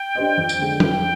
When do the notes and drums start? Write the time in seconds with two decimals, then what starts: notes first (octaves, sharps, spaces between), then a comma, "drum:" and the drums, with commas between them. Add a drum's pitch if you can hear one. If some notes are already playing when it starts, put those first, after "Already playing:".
Already playing: G5
0.15 D4 G4 C5 D#5
0.37 F2
0.49 drum: tambourine
0.59 D3 G#3
0.80 F2 G5, drum: tom F3